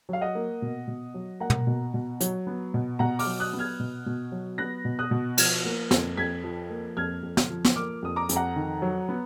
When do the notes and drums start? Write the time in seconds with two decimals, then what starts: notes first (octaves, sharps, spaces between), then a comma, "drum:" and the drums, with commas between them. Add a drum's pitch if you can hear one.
0.09 F#3 F5
0.21 D#5 F#5
0.35 A#3
0.62 B2
0.88 B2
1.14 F#3
1.40 A#3 F#5 A#5
1.50 drum: tom
1.67 B2
1.94 B2
2.20 F#3, drum: hi-hat
2.47 B3
2.74 B2
2.99 B2 F#5 A#5
3.19 D6 F6, drum: open hi-hat
3.26 F#3
3.40 D#6 F#6
3.53 B3
3.59 F6 G#6
3.80 B2
4.06 B2
4.32 F#3
4.58 B3 F#6 A#6
4.85 B2
4.99 D#6 F#6
5.11 B2
5.37 F3 F6 G#6, drum: cymbal
5.65 A#3
5.91 F2, drum: snare
6.17 F2 G#6 B6
6.44 F3
6.70 A#3
6.97 F2 F6 G#6
7.23 F2
7.37 drum: snare
7.50 F3
7.65 drum: snare
7.76 A#3 D6 F6
8.02 F2 D#6
8.16 A#5 D6
8.29 F2, drum: hi-hat
8.36 F#5 A#5
8.56 D#3
8.82 F#3
9.09 B3